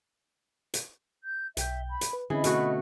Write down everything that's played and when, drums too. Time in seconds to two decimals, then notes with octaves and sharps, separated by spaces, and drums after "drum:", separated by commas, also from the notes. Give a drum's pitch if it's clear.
0.74 drum: hi-hat
1.24 G6
1.57 B1 E5 G5 G6, drum: hi-hat
1.90 B5
2.01 drum: hi-hat
2.13 B4
2.30 D3 E3 C4 C#4 G#4 C#5 D#5 B5
2.44 B2 A3 F#4, drum: hi-hat